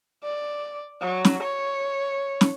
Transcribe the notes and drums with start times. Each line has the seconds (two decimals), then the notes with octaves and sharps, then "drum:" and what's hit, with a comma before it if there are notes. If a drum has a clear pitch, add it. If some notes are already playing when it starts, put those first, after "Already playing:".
0.24 D5
1.01 F#3
1.25 drum: snare
1.43 C#5
2.41 drum: snare